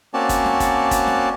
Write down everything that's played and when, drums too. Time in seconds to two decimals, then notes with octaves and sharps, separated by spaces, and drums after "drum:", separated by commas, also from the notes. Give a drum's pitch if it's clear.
0.14 A#3 C4 C#4 F#4 D5 A5
0.29 drum: kick, hi-hat
0.45 drum: snare
0.60 drum: kick, hi-hat
0.91 drum: kick, hi-hat
1.07 drum: snare